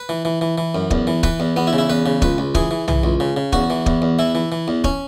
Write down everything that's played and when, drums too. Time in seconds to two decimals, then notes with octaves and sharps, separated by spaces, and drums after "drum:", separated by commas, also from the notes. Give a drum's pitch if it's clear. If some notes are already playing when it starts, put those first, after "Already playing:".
Already playing: B4
0.09 E3
0.25 E3
0.41 E3
0.58 E3
0.75 F#2
0.91 E2, drum: kick
1.07 E3
1.23 E3 B4, drum: kick
1.40 E2
1.56 E2 B3
1.67 E4
1.73 C#3
1.78 E4
1.90 E2 B4
2.06 C#3
2.22 C#2 B4, drum: kick
2.38 C#2
2.55 E3 G#4, drum: kick
2.71 E3
2.88 E3, drum: tom
3.04 C#2
3.20 C#3
3.37 C#3
3.53 E2 F#4, drum: kick
3.70 E3
3.86 E2, drum: kick
4.02 E2
4.19 E3 E4
4.35 E3
4.52 E3
4.68 E2
4.84 C#4, drum: kick